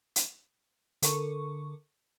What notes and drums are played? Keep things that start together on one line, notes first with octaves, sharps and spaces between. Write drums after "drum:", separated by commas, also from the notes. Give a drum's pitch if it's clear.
drum: hi-hat
D3 A4 A#4 C#6, drum: hi-hat